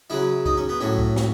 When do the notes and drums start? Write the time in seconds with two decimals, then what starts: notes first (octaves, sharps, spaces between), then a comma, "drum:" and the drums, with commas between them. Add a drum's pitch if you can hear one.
0.10 C#3 F#3 E4
0.46 D#4, drum: kick
0.57 C#4
0.69 B3
0.81 A2 F#3 C#4
0.99 drum: kick
1.16 drum: snare